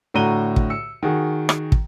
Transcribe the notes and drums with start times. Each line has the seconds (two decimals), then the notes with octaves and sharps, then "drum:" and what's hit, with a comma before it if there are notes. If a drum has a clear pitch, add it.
0.14 A2 D3 F#4 A#5 D#7 G7
0.56 drum: kick
0.70 E6 C#7
1.03 D#3 F#4 G#4
1.49 drum: rim click
1.72 drum: kick